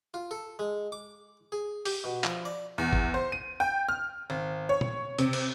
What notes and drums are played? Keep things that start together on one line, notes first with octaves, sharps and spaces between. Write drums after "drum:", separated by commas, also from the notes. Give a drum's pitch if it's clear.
F4
A4
G#3
D6
G#4
G4, drum: open hi-hat
B2
F3, drum: clap
D5
E2
drum: kick G1
C5
D#7
G5
F6
G#1
C#5
drum: tom A#2
C3, drum: hi-hat
drum: cymbal